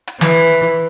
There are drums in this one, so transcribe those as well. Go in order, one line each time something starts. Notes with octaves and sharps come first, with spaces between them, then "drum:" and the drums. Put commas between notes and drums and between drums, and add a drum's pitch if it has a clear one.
drum: hi-hat
E3, drum: snare